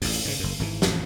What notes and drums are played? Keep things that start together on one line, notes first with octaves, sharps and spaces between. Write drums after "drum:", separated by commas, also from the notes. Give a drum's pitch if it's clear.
A1 F2, drum: open hi-hat
G#2 C#3
F#1 F#2
G#1 G#2 D#3 E3
A1 F2, drum: snare